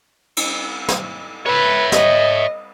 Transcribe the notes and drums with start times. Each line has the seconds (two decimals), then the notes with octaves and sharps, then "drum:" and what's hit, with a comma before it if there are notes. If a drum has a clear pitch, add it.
0.37 drum: cymbal
0.89 drum: snare
1.46 B4 C#5 E5
1.92 D#5, drum: snare